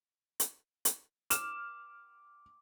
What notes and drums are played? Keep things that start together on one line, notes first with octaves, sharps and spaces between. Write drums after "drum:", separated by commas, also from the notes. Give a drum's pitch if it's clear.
drum: hi-hat
drum: hi-hat
D6 F6 E7, drum: hi-hat